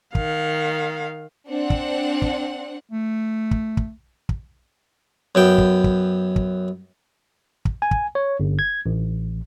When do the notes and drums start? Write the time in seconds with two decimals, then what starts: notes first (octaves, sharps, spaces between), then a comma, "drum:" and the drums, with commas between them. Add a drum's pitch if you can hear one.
0.15 D#3 F5, drum: kick
1.49 C4 D4 F#5
1.70 drum: kick
2.22 drum: kick
2.90 A3
3.51 drum: kick
3.77 drum: kick
4.29 drum: kick
5.35 F#2 B3 G5
5.58 drum: kick
5.84 drum: kick
6.36 drum: kick
7.65 drum: kick
7.82 G#5
7.91 drum: kick
8.15 C#5
8.40 G1
8.59 G#6
8.86 A1